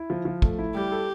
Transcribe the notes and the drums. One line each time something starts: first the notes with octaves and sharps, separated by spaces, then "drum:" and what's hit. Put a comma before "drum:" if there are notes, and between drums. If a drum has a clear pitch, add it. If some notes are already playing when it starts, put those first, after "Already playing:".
Already playing: E4
F3
F3
A3, drum: kick
E4
G3 G4
A4